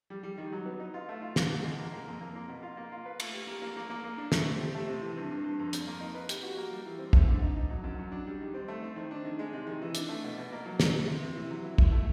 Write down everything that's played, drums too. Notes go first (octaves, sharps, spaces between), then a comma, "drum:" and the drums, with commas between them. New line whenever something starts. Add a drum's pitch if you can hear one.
G3
G3
D#3
F#3
B3
D#4
F4
A3
F4
E2, drum: snare
E2
G#3
A#3
A#3
F2
A#3
A#3
B2
F4
A#3
F4
B4
A3, drum: cymbal
G4
A#3
A#3
A#3
A#3
A#3
D4
A3, drum: snare
C4
G4
A3
C3
E3
G2
G2
G2
F2
F2, drum: hi-hat
A#3
D#4
B4
G4, drum: hi-hat
F#4
A#3
G3
E3
C4
A3, drum: kick
D3
D#4
D#4
F#3
F#2
F#3
D4
G3
D#3
C4
A3
C4
D#3
D4
D#3
G#3
C3
D#3
E3
D4, drum: hi-hat
A3
B2
B2
A#3
F#3
F#3, drum: snare
B3
C3
C3
E3
F#3
E4
E4, drum: kick
A3